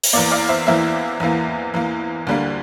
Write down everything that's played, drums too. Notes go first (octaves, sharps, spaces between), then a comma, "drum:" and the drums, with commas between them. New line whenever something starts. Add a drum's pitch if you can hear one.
drum: open hi-hat
E2 E3 A#3 D5
D5 F5
C5 E5
E2 E3 A#3 C5 E5
E2 E3 A#3
E2 E3 A#3
D2 D3 G3 A#3